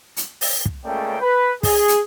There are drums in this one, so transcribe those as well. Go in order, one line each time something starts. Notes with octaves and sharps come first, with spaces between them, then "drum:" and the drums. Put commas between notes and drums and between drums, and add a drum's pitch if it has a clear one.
drum: hi-hat
drum: open hi-hat
drum: kick
C#2 C#3 A3 A#3 D5 G5
B4
G#4, drum: kick, open hi-hat
drum: hi-hat